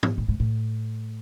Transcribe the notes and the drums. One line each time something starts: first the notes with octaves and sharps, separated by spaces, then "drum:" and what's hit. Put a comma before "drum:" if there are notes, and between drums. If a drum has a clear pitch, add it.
drum: tom G#2
A2
G#2
A2